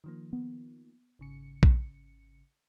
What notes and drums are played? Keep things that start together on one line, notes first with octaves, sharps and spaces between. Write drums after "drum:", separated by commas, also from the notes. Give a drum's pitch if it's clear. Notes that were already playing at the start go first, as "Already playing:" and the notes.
D#3 F3 A#3
B3
G#1 C#3 C#7
drum: kick A#1